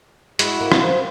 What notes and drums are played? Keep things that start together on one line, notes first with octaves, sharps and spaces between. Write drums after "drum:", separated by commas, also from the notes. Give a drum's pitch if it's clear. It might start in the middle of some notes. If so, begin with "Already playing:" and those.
G#3 E4 F#4, drum: hi-hat
A#3
drum: rim click
C4